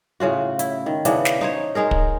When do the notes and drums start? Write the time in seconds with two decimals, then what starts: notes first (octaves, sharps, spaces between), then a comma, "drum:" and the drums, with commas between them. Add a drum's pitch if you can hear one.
0.20 A2 C#3 F4 F#4
0.59 E4, drum: hi-hat
0.86 D#3
1.05 C#3 E3 B3 D4, drum: hi-hat
1.25 drum: snare
1.41 D#4 C5 C#5
1.75 G#3 D#4 G#4 A#4
1.91 drum: kick